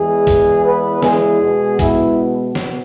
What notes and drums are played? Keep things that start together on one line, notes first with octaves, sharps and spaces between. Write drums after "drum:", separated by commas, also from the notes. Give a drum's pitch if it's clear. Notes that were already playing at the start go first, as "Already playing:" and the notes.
Already playing: E2 E3 G#3 G#4
drum: kick, hi-hat
B3 B4
G#3 G#4, drum: snare
B2 G#3 B3
E4, drum: kick, hi-hat
drum: snare